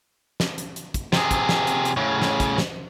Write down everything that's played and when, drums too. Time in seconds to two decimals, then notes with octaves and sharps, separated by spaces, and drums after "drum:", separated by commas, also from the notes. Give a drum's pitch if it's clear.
0.40 drum: snare
0.58 drum: hi-hat
0.76 drum: hi-hat
0.94 drum: kick, hi-hat
1.13 C3 G#4, drum: snare
1.31 drum: kick, hi-hat
1.49 drum: snare
1.67 drum: hi-hat
1.85 drum: hi-hat
1.97 A2 C#3
2.22 drum: snare
2.40 drum: kick, hi-hat
2.58 drum: snare